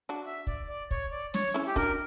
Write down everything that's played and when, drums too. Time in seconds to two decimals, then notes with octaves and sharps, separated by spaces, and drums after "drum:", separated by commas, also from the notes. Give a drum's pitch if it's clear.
0.09 D4 F#4
0.26 E5
0.47 D5, drum: kick
0.68 D5
0.91 C#5, drum: kick
1.11 D5
1.34 C#5, drum: snare
1.54 C#4 E4
1.67 G4
1.76 D4 F#4 A#4, drum: kick